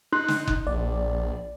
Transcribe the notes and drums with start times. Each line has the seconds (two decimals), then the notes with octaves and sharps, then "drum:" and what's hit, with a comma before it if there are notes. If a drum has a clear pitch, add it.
0.12 D#4 C6 F#6
0.28 drum: snare
0.47 drum: kick F#1
0.67 A#1 D5